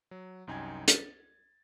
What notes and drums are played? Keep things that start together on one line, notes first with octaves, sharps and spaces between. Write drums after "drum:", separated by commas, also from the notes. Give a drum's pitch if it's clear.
F#3
C2 F#2 D#4 G5 G#5 G#6
A6, drum: hi-hat